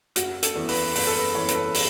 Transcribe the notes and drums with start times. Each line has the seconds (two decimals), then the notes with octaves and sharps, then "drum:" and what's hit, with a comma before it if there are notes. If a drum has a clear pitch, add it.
0.16 F#1 F#4, drum: hi-hat
0.43 A4, drum: hi-hat
0.55 E2 E3
0.69 B4, drum: open hi-hat
0.95 F#1 B4, drum: open hi-hat
1.07 A4
1.15 B4
1.35 E2 E3 C#5
1.48 B4, drum: hi-hat
1.55 A4
1.74 drum: open hi-hat